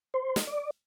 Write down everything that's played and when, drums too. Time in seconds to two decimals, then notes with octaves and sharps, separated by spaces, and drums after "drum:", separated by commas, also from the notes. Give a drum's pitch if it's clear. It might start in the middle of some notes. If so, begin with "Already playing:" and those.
0.14 C5
0.36 drum: snare
0.47 D5